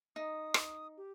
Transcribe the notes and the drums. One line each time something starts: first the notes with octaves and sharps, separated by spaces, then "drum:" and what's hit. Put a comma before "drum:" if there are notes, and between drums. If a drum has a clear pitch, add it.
D#4 D#6
drum: rim click
G4